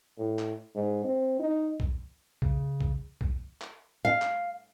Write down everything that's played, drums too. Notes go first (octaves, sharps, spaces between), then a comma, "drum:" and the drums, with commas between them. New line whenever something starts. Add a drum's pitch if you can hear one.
A2
drum: clap
G#2
C4
D#4
drum: kick A#1
C#3, drum: kick A#1
drum: kick A#1
drum: kick A#1
drum: clap
F5
drum: clap